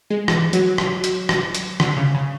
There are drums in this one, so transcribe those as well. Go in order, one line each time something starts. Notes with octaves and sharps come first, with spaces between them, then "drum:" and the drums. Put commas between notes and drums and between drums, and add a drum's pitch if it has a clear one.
G#3
E3, drum: rim click
F#3, drum: hi-hat
drum: rim click
drum: hi-hat
drum: rim click
drum: hi-hat
D3, drum: rim click
C#3
C#3